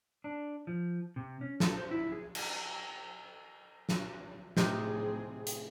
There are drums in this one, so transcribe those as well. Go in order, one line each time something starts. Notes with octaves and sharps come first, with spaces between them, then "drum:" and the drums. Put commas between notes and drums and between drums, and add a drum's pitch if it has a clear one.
D4
F3
C3
C#4
A4, drum: snare
C5
E4
G#4
drum: cymbal
drum: snare
A2 C3 C4 D#4 G#4 C5, drum: snare
drum: hi-hat